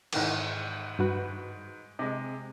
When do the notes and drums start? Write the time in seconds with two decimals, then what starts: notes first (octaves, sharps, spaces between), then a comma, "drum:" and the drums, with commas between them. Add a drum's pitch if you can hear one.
0.13 G#2 D#3 E3, drum: cymbal
0.99 G2 F#4 B4
1.99 C3 G#3